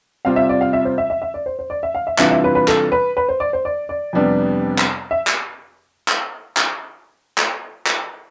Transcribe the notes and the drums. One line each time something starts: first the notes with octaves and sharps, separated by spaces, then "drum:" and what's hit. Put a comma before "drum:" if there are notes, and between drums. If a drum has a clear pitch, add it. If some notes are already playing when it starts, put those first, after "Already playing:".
C3 G3 C4 F4 F5
E5
D5
F5
E5
C5
E5
E5
E5
D5
C5
C5
D5
E5
F5
E5
C3 E3 G3 D4 F4 E5, drum: clap
E5
B4
B4
A4, drum: clap
B4
B4
C5
D5
C5
D5
D5
F2 C3 G3 B3 D4
drum: clap
E5
drum: clap
drum: clap
drum: clap
drum: clap
drum: clap